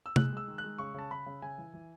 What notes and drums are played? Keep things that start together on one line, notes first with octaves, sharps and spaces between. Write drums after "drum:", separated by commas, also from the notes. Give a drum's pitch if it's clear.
E6
G#3 F#6, drum: tom C3
G#3 E6
D#3
F#6
G#3
C#3 C#6
C#3 A5
C#3 B5
C#3
C#3 G#5
E3
E3